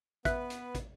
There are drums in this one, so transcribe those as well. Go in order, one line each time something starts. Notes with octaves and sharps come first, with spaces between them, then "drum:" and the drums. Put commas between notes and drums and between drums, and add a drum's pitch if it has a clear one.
B3 B4 E5 F#6 B6, drum: kick, hi-hat
drum: hi-hat
drum: kick, hi-hat